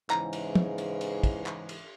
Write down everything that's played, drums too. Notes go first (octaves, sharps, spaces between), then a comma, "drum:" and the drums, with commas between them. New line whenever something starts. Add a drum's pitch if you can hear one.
G#2 C#3 E3 A#5, drum: clap
drum: cymbal
drum: tom
drum: cymbal
drum: cymbal
drum: kick, cymbal
drum: clap
drum: cymbal